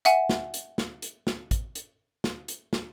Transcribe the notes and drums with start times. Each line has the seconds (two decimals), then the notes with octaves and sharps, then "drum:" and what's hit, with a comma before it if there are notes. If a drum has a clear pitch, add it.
0.05 E5 F#5 G#5, drum: hi-hat
0.29 drum: snare
0.54 drum: hi-hat
0.78 drum: snare
1.02 drum: hi-hat
1.27 drum: snare
1.51 drum: kick, hi-hat
1.75 drum: hi-hat
2.24 drum: snare
2.48 drum: hi-hat
2.73 drum: snare